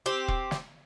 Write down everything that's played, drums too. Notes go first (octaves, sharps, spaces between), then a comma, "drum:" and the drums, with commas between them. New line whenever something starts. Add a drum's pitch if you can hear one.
C4 G4
drum: kick E1
drum: snare